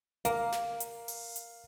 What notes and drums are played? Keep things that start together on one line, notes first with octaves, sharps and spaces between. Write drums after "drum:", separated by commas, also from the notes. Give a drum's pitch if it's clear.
A#3 F5, drum: hi-hat
drum: snare
drum: hi-hat
drum: open hi-hat
drum: hi-hat